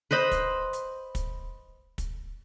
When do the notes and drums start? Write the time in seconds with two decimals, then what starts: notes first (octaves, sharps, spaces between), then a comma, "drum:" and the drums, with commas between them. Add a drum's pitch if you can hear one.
0.11 B4 C5 D#5 B5
0.31 drum: kick, hi-hat
0.73 drum: hi-hat
1.15 drum: kick, hi-hat
1.98 drum: kick, hi-hat